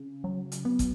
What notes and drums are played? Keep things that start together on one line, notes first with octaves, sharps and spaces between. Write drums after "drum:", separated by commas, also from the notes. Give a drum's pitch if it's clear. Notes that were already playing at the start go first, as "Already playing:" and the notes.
Already playing: C#3
F#3
drum: hi-hat
B3
drum: kick, hi-hat